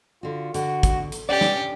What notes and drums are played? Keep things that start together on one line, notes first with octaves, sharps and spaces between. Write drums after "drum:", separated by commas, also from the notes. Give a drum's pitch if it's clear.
D3 F4 F#4
D3 F#4, drum: hi-hat
drum: kick G#1, hi-hat
drum: hi-hat
B3 C#4 D4 G4 D5
drum: snare